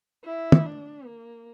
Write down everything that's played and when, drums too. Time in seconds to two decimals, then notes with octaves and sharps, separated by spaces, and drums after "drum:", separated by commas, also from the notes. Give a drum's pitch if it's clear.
0.25 E4
0.52 drum: tom
0.66 D4
1.06 A#3